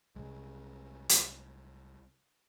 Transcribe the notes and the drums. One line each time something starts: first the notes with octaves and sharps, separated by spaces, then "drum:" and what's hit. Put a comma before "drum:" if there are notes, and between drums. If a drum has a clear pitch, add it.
C2 G#3
drum: hi-hat